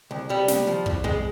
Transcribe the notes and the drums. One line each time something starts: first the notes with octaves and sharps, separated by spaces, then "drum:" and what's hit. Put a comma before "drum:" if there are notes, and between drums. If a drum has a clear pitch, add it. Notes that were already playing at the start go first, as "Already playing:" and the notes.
C2
C2 G3
C2, drum: snare
F3
C2, drum: kick
C2 G#3, drum: kick